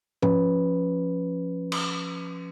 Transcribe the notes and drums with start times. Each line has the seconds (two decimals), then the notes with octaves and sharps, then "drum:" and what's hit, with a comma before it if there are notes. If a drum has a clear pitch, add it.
0.22 F3 C#4 B4, drum: tom G#2
1.72 drum: cymbal